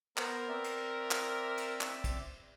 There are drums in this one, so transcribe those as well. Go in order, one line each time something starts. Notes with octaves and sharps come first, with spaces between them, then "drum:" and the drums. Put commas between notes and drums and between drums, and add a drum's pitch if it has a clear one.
B3 A#4 C5 A#5, drum: clap
C4 D5 E5
drum: cymbal
drum: clap
drum: cymbal
drum: clap
drum: kick, cymbal